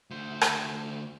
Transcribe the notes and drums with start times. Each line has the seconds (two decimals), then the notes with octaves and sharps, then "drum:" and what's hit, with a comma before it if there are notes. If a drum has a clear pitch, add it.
0.11 D2 C5
0.41 drum: rim click